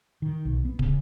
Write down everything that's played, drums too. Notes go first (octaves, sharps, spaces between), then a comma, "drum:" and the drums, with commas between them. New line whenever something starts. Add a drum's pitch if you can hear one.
D#3
B1
B3
C#3, drum: kick